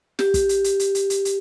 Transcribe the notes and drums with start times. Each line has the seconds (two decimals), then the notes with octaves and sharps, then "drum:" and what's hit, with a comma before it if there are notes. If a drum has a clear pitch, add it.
0.19 G4, drum: snare
0.34 drum: kick, hi-hat
0.49 drum: hi-hat
0.64 drum: hi-hat
0.80 drum: hi-hat
0.95 drum: hi-hat
1.10 drum: hi-hat
1.25 drum: hi-hat